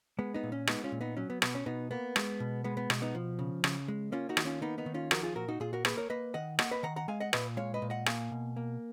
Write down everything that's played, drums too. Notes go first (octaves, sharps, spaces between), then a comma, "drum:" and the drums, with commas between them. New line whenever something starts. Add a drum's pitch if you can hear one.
G#3 B3
B3 D#4
A#2
C#4
G#3 B3 D#4, drum: rim click
C#4 F4
A#2
B3 D#4
F#3 C#4
B3
B2 B3, drum: rim click
C#4
B2 B3 D#4
A#3 B3
G#3, drum: rim click
B2
G#3 B3
B3
B2, drum: rim click
B3 D#4
F3
C#3
C#3, drum: rim click
G#3
A#3 C#4 F4
D#4 F#4
D#3, drum: rim click
C#4 F4
A#3 B3 D#4
B3 D#4
D#3
C#4 F4
F3 F#4 A#4, drum: rim click
F4 G#4
A#2 F#4 A#4
D#4 F#4
A#2 F4 G#4
F#4 A#4
A#3 G#4 B4, drum: rim click
A#4 C#5
A#3 B4 D#5
D#3 D#5 F#5
A#3 D#5 F#5, drum: rim click
B4 D#5
D#3 F#5 A#5
F#5 A#5
G#3 F5 G#5
D#5 F#5
A#2 B4 D#5, drum: rim click
G#3 C#5 F5
B4 D#5
A#2
D#5 F#5
A#3 F5 G#5, drum: rim click
B2
A#3